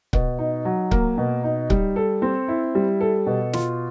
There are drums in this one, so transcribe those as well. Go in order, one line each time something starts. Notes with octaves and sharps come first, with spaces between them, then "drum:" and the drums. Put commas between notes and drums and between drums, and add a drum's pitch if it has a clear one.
B2, drum: kick C#1
D#4
F#3
A#3, drum: kick C#1
B2
D#4
G3, drum: kick C#1
A4
C4
E4
G3
A4
B2
F4, drum: snare